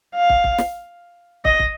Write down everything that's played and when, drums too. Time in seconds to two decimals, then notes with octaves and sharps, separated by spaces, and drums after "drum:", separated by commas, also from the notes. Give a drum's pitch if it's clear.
0.16 F5
0.29 drum: kick
0.44 drum: kick
0.58 drum: snare
1.45 D#5, drum: kick
1.60 drum: kick